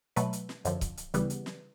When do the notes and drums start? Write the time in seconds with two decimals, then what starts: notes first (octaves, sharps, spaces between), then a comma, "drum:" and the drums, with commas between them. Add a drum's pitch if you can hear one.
0.16 B2 F#3 A3 B4, drum: hi-hat
0.33 drum: hi-hat
0.49 drum: snare
0.65 F#2 D3 F3, drum: hi-hat
0.81 drum: kick C#1, hi-hat
0.97 drum: hi-hat
1.14 D2 C#3 E3 G3 B3, drum: hi-hat
1.30 drum: hi-hat
1.46 drum: snare